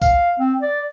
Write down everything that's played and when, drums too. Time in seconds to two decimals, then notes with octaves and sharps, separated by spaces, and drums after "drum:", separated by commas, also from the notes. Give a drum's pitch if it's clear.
0.02 F5, drum: kick, tambourine
0.39 C4
0.62 D5